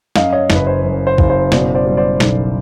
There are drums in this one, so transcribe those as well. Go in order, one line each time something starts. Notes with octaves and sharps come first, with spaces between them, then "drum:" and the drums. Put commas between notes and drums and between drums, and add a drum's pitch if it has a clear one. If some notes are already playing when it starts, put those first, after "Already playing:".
F#2 D#5 F5, drum: snare
C#5 D#5
F#1, drum: snare
B4
C5
F#2
C5
F#1, drum: kick B1
C5
B2 C5 D5, drum: snare
C5 D5
G3
C5 D5
B1, drum: snare